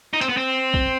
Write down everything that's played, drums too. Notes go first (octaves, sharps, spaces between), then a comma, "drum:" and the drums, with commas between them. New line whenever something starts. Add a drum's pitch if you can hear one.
D#4
C4, drum: hi-hat
B3
C4
drum: kick